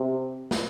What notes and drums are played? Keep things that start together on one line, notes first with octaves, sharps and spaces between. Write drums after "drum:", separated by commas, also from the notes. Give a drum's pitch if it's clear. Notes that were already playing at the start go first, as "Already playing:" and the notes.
Already playing: C3
drum: snare